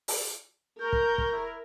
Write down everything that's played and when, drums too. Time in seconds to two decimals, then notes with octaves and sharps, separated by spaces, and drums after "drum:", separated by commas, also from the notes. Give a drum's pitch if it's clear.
0.08 drum: open hi-hat
0.81 A#4 A#5 C#6 G6
0.93 drum: kick
1.18 drum: kick
1.32 E4